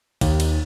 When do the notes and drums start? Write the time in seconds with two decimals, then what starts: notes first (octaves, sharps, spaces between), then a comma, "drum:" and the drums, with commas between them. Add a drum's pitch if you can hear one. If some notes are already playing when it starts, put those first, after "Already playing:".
0.21 D#2, drum: kick, cymbal
0.40 drum: cymbal